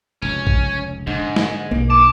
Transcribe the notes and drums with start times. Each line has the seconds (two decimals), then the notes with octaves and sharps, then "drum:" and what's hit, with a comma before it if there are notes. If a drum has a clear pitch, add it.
0.22 F1 C#2 C#4
0.47 drum: kick
1.07 G#2 D3
1.36 drum: snare
1.71 B1 G2 A#3
1.90 A5 D6